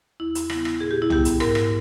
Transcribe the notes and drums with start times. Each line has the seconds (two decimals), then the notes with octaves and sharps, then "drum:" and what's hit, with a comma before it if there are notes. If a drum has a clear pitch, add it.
0.20 E2 E4
0.35 drum: hi-hat
0.50 C#3 G3 B3 E4, drum: rim click
0.65 drum: rim click
0.81 A#2 G#4
0.91 G4
1.02 E4
1.10 G3 B3 G4, drum: tom
1.25 drum: hi-hat
1.40 G#2 A#4, drum: rim click
1.55 drum: rim click